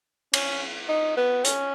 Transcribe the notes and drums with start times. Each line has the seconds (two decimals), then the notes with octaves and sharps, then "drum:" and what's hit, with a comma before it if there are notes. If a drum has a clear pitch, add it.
0.33 C#4, drum: cymbal
0.89 D#4
1.17 B3
1.45 C#4, drum: hi-hat